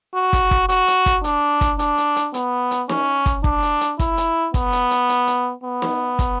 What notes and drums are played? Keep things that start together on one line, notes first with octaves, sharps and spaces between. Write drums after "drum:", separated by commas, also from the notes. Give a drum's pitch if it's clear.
F#4
drum: kick, hi-hat
drum: kick
F#4, drum: hi-hat
drum: hi-hat
drum: kick, hi-hat
D4, drum: hi-hat
drum: kick, hi-hat
D4, drum: hi-hat
drum: hi-hat
drum: hi-hat
B3, drum: hi-hat
drum: hi-hat
C#4, drum: snare
drum: kick, hi-hat
D4, drum: kick
drum: hi-hat
drum: hi-hat
E4, drum: kick, hi-hat
drum: hi-hat
B3, drum: kick, hi-hat
drum: hi-hat
drum: hi-hat
drum: hi-hat
drum: hi-hat
B3
drum: snare
drum: kick, hi-hat